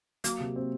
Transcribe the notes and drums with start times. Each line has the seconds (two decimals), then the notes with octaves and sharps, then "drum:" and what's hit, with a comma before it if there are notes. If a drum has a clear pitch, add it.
0.24 F#3 A#3, drum: hi-hat
0.40 C3
0.56 C4